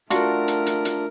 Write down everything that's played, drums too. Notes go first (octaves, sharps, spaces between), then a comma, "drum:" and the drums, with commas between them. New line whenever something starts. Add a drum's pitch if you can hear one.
A3 D4 F4 F#4 A#4, drum: hi-hat
drum: hi-hat
drum: hi-hat
drum: hi-hat